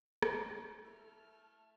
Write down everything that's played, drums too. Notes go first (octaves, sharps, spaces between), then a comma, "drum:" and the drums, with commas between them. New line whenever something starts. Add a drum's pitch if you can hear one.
D4, drum: rim click
A3 E4 A5 E6 F6